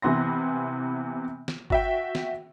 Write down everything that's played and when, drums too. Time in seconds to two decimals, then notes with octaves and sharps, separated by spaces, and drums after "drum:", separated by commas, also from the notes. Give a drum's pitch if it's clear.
0.02 C3 E3 B3 C6 A#6
1.48 drum: snare
1.70 F#4 E5 G5, drum: kick G1
2.15 drum: snare